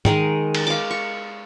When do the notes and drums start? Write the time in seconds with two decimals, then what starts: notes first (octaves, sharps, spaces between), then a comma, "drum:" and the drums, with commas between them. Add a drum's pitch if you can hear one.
0.05 D#3 G#3 A#4 D#5, drum: tom
0.55 drum: cymbal
0.67 F5 D6
0.91 C#6